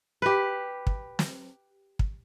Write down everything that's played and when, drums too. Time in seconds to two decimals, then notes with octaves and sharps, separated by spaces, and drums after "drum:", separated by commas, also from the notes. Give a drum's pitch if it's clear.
0.22 G4 B4
0.87 drum: kick
1.19 drum: snare
1.99 drum: kick